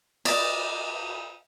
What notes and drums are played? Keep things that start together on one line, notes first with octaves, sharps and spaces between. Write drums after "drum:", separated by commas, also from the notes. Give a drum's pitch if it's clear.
D5 D#5, drum: cymbal